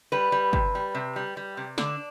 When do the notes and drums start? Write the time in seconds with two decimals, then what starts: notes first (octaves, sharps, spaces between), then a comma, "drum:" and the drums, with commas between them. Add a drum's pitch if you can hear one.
0.12 G3 B4
0.32 G3
0.53 C3, drum: kick
0.75 G3
0.95 C3
1.16 G3
1.37 G3
1.57 C3
1.78 D3 D4, drum: snare